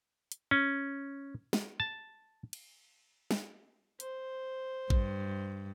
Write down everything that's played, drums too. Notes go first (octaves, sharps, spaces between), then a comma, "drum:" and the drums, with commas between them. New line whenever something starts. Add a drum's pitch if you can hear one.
drum: hi-hat
C#4
drum: snare
A5
drum: cymbal
drum: snare
C5, drum: hi-hat
G2, drum: kick A1